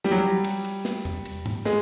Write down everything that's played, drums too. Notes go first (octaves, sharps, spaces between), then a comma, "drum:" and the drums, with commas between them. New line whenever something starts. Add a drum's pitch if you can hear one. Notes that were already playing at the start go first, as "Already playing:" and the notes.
G3, drum: snare
F#3
G3
drum: cymbal
drum: cymbal
drum: snare
drum: tom E2
drum: cymbal
drum: tom
G#3, drum: snare